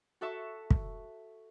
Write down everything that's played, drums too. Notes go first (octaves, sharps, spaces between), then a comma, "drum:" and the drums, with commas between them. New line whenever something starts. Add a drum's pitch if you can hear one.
F#4 A4 E5 C#6
drum: kick